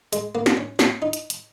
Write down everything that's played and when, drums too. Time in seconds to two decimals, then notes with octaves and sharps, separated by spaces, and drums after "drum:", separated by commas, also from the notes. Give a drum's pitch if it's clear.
0.13 G#3, drum: hi-hat
0.35 A#3
0.46 drum: snare
0.57 C#4
0.79 C#4, drum: snare
1.02 D#4
1.13 drum: hi-hat
1.30 drum: hi-hat